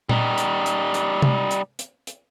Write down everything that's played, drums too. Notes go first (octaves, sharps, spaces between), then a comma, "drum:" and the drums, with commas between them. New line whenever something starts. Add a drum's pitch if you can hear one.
G3 D#4, drum: tom A#2
drum: hi-hat
drum: hi-hat
drum: hi-hat
drum: tom C3
drum: hi-hat
drum: hi-hat
drum: hi-hat